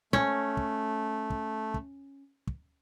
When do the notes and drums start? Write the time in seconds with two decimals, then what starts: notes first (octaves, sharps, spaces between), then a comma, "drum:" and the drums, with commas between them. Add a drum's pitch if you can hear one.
0.13 A3 C#4, drum: kick
0.57 drum: kick
1.30 drum: kick
1.74 drum: kick
2.47 drum: kick